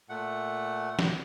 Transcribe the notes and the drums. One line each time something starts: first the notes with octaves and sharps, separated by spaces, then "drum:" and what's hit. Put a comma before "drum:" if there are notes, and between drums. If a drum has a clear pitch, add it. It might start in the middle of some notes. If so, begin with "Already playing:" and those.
A#2 A3 F#5
drum: snare